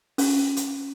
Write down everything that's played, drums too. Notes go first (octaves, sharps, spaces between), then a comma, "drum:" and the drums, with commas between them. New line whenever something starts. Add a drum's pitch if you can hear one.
C#4, drum: open hi-hat
drum: hi-hat